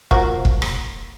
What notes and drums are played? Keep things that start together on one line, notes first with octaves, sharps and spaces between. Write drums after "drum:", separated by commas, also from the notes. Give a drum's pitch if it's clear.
F3 A#3 F#4, drum: kick
drum: kick
drum: rim click